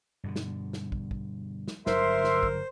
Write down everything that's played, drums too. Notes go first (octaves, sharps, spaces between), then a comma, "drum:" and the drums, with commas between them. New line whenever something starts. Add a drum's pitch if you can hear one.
G2 B2 D3
drum: snare
drum: snare
drum: kick
drum: kick
drum: snare
G1 D3 F#3 A#4 C5 E5 C6, drum: snare
drum: snare
drum: kick